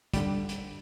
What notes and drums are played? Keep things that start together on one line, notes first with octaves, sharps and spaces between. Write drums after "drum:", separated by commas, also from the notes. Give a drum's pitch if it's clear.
D3 G3, drum: kick, hi-hat
drum: hi-hat